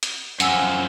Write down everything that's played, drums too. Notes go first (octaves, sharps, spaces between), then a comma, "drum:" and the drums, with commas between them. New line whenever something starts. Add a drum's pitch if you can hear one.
drum: hi-hat
F#2 F3 F#5 G#5 E6, drum: hi-hat